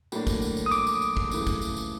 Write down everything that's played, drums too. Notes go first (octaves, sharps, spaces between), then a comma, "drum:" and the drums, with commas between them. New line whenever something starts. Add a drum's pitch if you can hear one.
A2 F#3 A#3 D4, drum: tambourine
drum: kick, tambourine
drum: tambourine
drum: tambourine
D#6
D6, drum: tambourine
drum: tambourine
drum: tambourine
drum: kick
C#3 E3 A3, drum: tambourine
drum: kick, tambourine
drum: tambourine
drum: tambourine